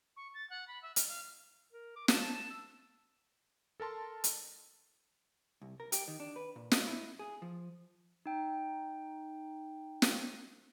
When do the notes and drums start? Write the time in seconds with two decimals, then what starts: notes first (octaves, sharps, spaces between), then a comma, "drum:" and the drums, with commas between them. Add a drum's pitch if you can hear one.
0.16 C#6
0.34 A6
0.50 F#5
0.68 B5
0.83 E5
0.96 F6, drum: hi-hat
1.08 F5
1.73 A#4
1.96 D6
2.08 A5, drum: snare
2.21 A5
2.34 A5
2.50 E6
3.80 A4 A#4 A5 C6
4.24 drum: hi-hat
5.62 C2
5.80 A#4
5.92 G4, drum: hi-hat
6.08 D#3
6.20 D4
6.36 B4
6.56 A#2
6.71 D#5, drum: snare
6.87 E4
7.19 G#4
7.42 F3
8.26 D#4 G5
10.02 drum: snare